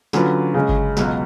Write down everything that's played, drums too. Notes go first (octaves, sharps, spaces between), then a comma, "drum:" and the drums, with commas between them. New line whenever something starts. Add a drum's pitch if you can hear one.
D3 F#3 C#4 F4 B4, drum: snare
C#3 G#3 C#4
drum: kick G1
C#2 B2 F#3, drum: snare